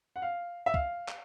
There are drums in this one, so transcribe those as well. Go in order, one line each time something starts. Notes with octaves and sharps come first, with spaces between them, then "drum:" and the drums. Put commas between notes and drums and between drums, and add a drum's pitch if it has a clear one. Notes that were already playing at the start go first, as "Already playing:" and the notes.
F#5
F5
E5
F5, drum: kick
drum: clap